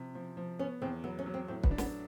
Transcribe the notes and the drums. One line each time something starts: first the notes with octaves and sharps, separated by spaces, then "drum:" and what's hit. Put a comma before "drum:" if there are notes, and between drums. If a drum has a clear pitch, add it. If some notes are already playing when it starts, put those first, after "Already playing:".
Already playing: C3 F3
F3
F3
B3 C#4
E2 C4
F#3 B3
C#4
F#3
C4
A2 C4
B3, drum: kick
D4
B3, drum: snare